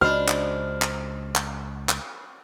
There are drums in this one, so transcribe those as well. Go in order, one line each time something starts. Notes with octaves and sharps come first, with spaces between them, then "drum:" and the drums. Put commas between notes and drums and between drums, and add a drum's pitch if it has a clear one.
C#2 D4 F#4 C5 D#5 B5 F6
drum: clap
drum: clap
drum: clap
drum: clap